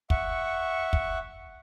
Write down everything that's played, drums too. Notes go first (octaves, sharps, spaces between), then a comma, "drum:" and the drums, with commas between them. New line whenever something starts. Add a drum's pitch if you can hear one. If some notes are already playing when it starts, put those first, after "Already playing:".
E5 F#5 C#6, drum: kick
drum: kick